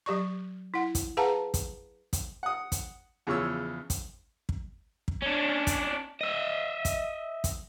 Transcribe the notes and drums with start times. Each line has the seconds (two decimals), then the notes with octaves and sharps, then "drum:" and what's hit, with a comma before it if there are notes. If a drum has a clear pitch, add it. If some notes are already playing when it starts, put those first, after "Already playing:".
0.06 F#3 G4 D5 C#6
0.74 E4 F#5
0.95 drum: kick, hi-hat
1.17 G#4 B4 F5 F#5 A5 A#5
1.54 drum: kick, hi-hat
2.13 drum: kick, hi-hat
2.43 F#5 D#6
2.72 drum: kick, hi-hat
3.27 E2 C#3 F3 C#5 E6
3.90 drum: kick, hi-hat
4.49 drum: kick
5.08 drum: kick
5.23 C#4 D4
5.67 drum: kick, hi-hat
6.21 D#5 E5
6.85 drum: kick, hi-hat
7.44 drum: kick, hi-hat